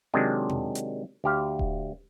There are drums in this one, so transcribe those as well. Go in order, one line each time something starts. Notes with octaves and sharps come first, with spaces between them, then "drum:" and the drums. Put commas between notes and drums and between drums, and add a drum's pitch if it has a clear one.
C3 D#3 F#3 G#3 C4 D4
drum: tom B2
drum: hi-hat
D2 G4 F5
drum: kick D#1